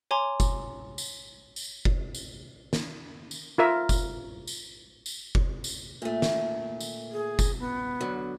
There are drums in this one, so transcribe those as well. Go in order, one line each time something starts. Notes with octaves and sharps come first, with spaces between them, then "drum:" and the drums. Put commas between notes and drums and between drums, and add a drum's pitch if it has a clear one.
C#5 G#5 A#5 C6 D6
drum: kick F#1, tambourine
drum: tambourine
drum: tambourine
drum: kick F#1
drum: tambourine
drum: snare
drum: tambourine
F4 A#4 E5
drum: kick F#1, tambourine
drum: tambourine
drum: tambourine
drum: kick F#1
drum: tambourine
A#2 A3
drum: snare
drum: tambourine
G#4
drum: kick F#1, tambourine
B3
D3 F#3